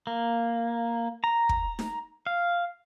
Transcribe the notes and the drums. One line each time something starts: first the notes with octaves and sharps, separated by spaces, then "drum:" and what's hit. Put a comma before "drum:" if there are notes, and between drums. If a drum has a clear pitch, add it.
A#3
A#5
drum: kick
drum: snare D#4
F5